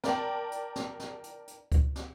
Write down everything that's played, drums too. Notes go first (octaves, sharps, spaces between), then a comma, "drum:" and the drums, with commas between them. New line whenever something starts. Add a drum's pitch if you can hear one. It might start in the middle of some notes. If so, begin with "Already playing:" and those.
A#4 D5 G5 A5, drum: snare
drum: hi-hat
drum: snare
drum: snare
drum: hi-hat
drum: hi-hat
drum: kick C#2, hi-hat
drum: snare